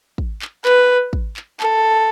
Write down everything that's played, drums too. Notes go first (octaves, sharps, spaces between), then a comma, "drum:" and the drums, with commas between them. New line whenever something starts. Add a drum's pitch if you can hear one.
drum: kick
drum: clap
B4, drum: clap
drum: kick
drum: clap
A4, drum: clap